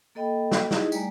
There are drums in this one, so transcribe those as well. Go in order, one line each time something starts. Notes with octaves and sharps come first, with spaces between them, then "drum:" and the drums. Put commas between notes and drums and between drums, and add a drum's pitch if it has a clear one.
A#3 A4 D#5 G5 B5
drum: snare
D#4 E4 G4 G#4 D#5, drum: snare
G3 A3 D5 G#5 A#5, drum: tambourine